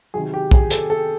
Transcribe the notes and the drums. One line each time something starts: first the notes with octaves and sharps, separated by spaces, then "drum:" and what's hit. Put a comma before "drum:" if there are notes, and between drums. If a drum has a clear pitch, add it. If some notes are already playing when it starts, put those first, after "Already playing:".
C3 D#3 F#3 G#4
G4
G#4, drum: kick
A4, drum: hi-hat
A4